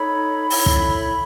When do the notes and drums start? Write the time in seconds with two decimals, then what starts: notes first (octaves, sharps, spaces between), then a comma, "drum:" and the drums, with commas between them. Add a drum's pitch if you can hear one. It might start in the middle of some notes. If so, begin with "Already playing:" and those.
Already playing: D#4 A4 C#5 B5
0.50 E4 A4 C#5, drum: open hi-hat
0.66 drum: kick